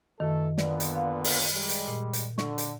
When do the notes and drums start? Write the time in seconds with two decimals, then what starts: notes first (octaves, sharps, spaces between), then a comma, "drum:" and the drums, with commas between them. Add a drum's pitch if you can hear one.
0.20 F#2 D#3 E3 A3 A4
0.58 A#2 D3 B3 D5, drum: snare
0.80 drum: hi-hat
0.95 F5
1.24 drum: open hi-hat
1.53 G3 G#3
1.69 drum: hi-hat
1.88 A#2
2.13 drum: hi-hat
2.38 D3 C#6, drum: snare
2.58 drum: hi-hat